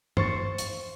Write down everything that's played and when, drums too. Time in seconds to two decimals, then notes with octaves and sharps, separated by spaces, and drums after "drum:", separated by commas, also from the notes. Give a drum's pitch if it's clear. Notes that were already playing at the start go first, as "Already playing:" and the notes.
0.17 C5 C#6 A6, drum: tom
0.58 drum: hi-hat